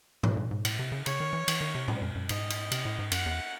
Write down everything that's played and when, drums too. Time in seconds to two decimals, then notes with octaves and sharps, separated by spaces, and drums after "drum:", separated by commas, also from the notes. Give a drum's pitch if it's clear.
0.23 A2, drum: tom G#2
0.37 G#2
0.51 G#2
0.65 A2, drum: cymbal
0.79 C3
0.92 C#3
1.06 C#3 C#5, drum: cymbal
1.20 D#3
1.33 E3
1.48 E3, drum: cymbal
1.61 D#3
1.75 C3
1.88 A2, drum: tom A2
2.02 F#2
2.15 F#2
2.29 G#2 D#5, drum: cymbal
2.50 drum: cymbal
2.72 C3, drum: cymbal
2.85 A2
2.99 G#2
3.12 F#2 F#5, drum: cymbal
3.26 E2